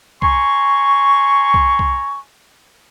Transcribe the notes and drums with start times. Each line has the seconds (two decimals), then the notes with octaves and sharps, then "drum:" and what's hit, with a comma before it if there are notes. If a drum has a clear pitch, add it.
0.22 G#5 A#5 C6 C#6, drum: kick
1.54 drum: kick
1.79 drum: kick